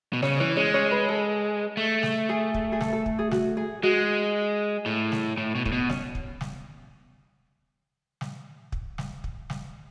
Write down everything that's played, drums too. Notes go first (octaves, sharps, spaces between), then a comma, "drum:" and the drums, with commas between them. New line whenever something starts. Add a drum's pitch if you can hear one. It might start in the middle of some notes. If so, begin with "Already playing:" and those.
B2
C#3 C#4 C#5, drum: snare
E3 C#4 C#5
G#3 C#4 C#5
C#4 C#5
B4
A4
A3
drum: snare
G#4
drum: kick
G#4
A4, drum: snare
A4
drum: kick
G#4
F#4, drum: snare
G#4
G#3 F#4
A2
drum: snare
A2
B2
A2, drum: kick
B2
C#4, drum: snare
drum: kick
drum: snare
drum: snare
drum: kick
drum: snare
drum: kick
drum: snare